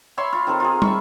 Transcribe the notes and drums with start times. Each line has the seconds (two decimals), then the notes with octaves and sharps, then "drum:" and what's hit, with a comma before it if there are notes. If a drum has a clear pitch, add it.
0.18 C#5 E5 B5 C6
0.32 F4
0.47 D#3 C4 A4 A#4
0.60 F4 G#4
0.82 E5 B5 C#6, drum: tom